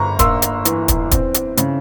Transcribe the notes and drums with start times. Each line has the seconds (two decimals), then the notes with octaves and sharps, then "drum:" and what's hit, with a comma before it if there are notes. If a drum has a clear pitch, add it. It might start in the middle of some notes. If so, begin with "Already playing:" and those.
Already playing: G1 A#5 C#6
0.19 A#3 C6 E6, drum: kick, hi-hat
0.42 drum: hi-hat
0.65 E3, drum: hi-hat
0.88 drum: kick, hi-hat
1.11 C4, drum: kick, hi-hat
1.34 drum: hi-hat
1.57 C#3, drum: hi-hat